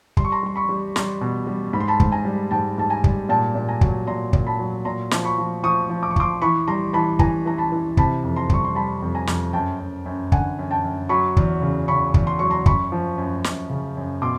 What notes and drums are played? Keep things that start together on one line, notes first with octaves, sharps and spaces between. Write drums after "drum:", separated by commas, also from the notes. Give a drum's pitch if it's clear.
G3 C6, drum: kick
C#6
A#5 C6
G3 C6
B5 C#6
G3
G3 A#5 C6, drum: snare
B2
G3
G#2 B5
C6
A5 B5
G#2, drum: kick
G#5 A#5
G3
G#2 G5 A5
G#2 A5
G#5 A#5
G3, drum: kick
A#2 G5 A5
A#2
G#5 A#5
F#3, drum: kick
A#2 A#5 C6
A#2, drum: kick
A5 B5
F#3
A#2 A#5 C6
F3, drum: snare
B5 C#6
F3
F3 C#6 D#6
F3
D6
C#6
F3 C6 D6, drum: kick
E3 B5 C#6
G3 A#5 C6
E3 A5 B5
E3 G#5 A#5, drum: kick
E3 A#5
A5 B5
E3
C3 A5 B5, drum: kick
F2
A#5 C6
G3 C#6, drum: kick
C6
G3 A5 B5
F2
G#5 A#5
F2, drum: snare
F#2 G5 A5
F#2
F#2
D3 F#5 G#5, drum: kick
F#2
G5 A5
F#2
F#3 B5 C#6
E2, drum: kick
C#3
C#3 B5 C#6
E2, drum: kick
C6
F#3 C#6
A#5 C6
F#2 B5 C#6, drum: kick
F3
F#2
F#2, drum: snare
C#3
F#2
B2 C6 D6